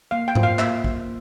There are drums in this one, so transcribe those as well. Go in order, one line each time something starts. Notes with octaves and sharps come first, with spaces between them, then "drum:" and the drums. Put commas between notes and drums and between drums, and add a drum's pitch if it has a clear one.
A#3 F5
G5
F4 C5, drum: tom G#2
F5
A#3 E5, drum: clap
drum: kick